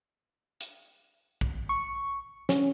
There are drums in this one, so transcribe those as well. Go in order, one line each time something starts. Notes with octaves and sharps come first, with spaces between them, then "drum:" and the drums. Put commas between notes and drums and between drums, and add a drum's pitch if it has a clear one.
drum: hi-hat
drum: kick
C#6
C#4, drum: snare